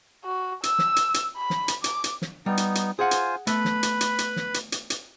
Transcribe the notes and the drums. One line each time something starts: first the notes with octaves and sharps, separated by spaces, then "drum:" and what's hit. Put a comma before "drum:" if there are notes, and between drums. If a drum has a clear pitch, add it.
F#4
E6, drum: hi-hat
drum: snare
drum: hi-hat
drum: hi-hat
B5
drum: snare
drum: hi-hat
D6, drum: hi-hat
drum: hi-hat
drum: snare
G3 B3 D#4
drum: hi-hat
drum: hi-hat
F4 G#4 C5 F#5 G#5
drum: hi-hat
A3 B3 B4 B5, drum: hi-hat
drum: snare
drum: hi-hat
drum: hi-hat
drum: hi-hat
drum: snare
drum: hi-hat
drum: hi-hat
drum: hi-hat